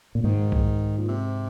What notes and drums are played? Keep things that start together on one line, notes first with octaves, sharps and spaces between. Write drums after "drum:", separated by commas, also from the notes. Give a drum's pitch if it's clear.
A#2
G#2 D#3
drum: kick B1
A#2
C3